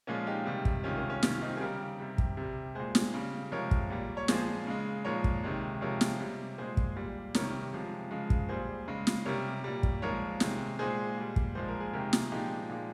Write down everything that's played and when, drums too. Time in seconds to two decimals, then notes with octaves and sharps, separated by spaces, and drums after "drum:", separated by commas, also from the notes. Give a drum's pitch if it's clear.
0.07 A#2 F3 G#3 C#4 F4
0.27 D#4 G4
0.46 C3 D#3 G3
0.65 drum: kick
0.84 C3 D#3 G#3 C#4 F4
0.98 C#4
1.10 C#4
1.23 C3 D#3 G3 C#4, drum: snare
1.35 F4
1.42 C4 D#4
1.57 G#4
1.61 C#3 G3 G4 A#4
2.00 C3 G3
2.18 drum: kick
2.37 C3 G3
2.75 A#2 G#3 G#4 C5
2.95 drum: snare
3.14 C#3 G3
3.52 C3 F3 G#3 A#4 C#5
3.71 drum: kick
3.90 A#2 G3
4.17 C#5
4.28 A#2 F3 G#3 G#4 C5, drum: snare
4.67 C#3 G#3
5.05 A#2 F3 G#3 A#4 C#5
5.24 drum: kick
5.44 C3 D#3 G#3
5.81 C3 F3 G#3 A#4 C#5
6.01 drum: snare
6.20 C3 G3
6.58 A#2 G#3 G#4 C5
6.77 drum: kick
6.97 A#2 G3
7.35 C3 D#3 G3 A#4 C#5, drum: snare
7.73 C3 F3 G#3
8.11 C#3 F3 G#3
8.30 drum: kick
8.49 A#2 G3 G#4 C5
8.88 C#3 G#3
9.07 drum: snare
9.25 C3 G3 A#4 C#5
9.64 A#2 G3
9.83 drum: kick
10.02 A#2 F3 G#3 A#4 C#5
10.40 C3 D#3 G#3, drum: snare
10.79 A#2 G#3 G#4 C5
11.17 A#2 G3
11.36 drum: kick
11.55 A#2 F3 G#3 C5
11.68 A#4
11.80 G#4
11.93 C3 D#3 G#3 G4 A#4
12.13 drum: snare
12.32 A#2 F3 G#3 D#4 G4
12.69 A#2 F3 G#3